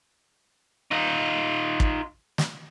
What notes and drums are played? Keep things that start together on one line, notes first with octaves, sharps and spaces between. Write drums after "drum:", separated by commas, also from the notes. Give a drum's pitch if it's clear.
D#4 F4
drum: kick
drum: snare